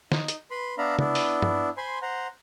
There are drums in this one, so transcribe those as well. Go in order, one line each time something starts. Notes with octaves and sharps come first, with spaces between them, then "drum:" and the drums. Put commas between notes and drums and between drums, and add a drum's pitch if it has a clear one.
D#4, drum: snare
drum: hi-hat
B4 B5 C6
B3 D4 E5 F5 A#5 B5
B3 D4 E4, drum: tom
drum: open hi-hat
drum: tom G2
C5 G#5 B5 C6
C5 F#5 A#5